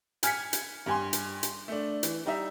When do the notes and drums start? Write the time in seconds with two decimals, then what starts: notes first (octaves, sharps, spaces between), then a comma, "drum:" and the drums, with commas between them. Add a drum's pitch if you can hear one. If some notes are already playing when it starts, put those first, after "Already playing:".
0.23 G#5 F6 G#6 B6 C#7, drum: hi-hat
0.53 drum: hi-hat
0.86 G2 G#5 C6
1.13 drum: hi-hat
1.43 drum: hi-hat
1.68 A3 D4
2.03 E3, drum: hi-hat
2.26 G3 D#4 E5